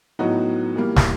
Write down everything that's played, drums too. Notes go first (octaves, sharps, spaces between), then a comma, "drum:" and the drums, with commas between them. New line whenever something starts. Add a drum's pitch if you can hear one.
A2 F#3 B3 D#4 F#4
E3 G3 A#3
drum: snare